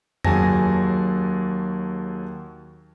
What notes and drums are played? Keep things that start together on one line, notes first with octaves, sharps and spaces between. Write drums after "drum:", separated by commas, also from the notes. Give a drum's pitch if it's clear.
D#2 F#3 G#4 G#5 A5 A#6, drum: tom F2